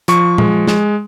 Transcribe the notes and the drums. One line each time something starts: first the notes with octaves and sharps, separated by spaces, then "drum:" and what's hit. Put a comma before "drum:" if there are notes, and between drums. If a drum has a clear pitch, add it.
F3 C#6, drum: hi-hat
G#3, drum: tom A#2
G#3, drum: snare